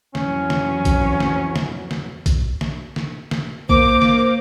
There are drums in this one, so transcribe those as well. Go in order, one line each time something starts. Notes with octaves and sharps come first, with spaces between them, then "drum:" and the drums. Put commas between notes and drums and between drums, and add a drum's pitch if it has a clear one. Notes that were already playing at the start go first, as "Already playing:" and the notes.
F2 E3 F#3 C#4, drum: snare
drum: snare
drum: kick, hi-hat
drum: snare
drum: snare
drum: snare
drum: kick, hi-hat
drum: snare
drum: snare
drum: snare
A#3 C5 D6, drum: kick
drum: snare